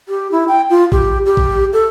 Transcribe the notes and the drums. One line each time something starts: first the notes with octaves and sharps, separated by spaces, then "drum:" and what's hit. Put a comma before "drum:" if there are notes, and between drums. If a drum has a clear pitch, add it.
G4
E4
G5
F4
G4, drum: kick A#1
G4
drum: kick A#1
A4